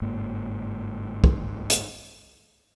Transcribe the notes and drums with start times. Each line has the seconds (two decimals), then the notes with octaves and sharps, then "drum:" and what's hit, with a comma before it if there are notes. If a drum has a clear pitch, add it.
0.02 G1 G#2 A#3
1.24 drum: kick
1.70 drum: hi-hat